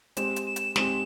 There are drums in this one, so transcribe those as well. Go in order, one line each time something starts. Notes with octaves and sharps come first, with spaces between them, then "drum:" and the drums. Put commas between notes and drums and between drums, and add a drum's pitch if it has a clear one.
G#3 C4 G4 E7, drum: hi-hat
drum: hi-hat
E7
drum: hi-hat
G#3 C4 G4 E7, drum: snare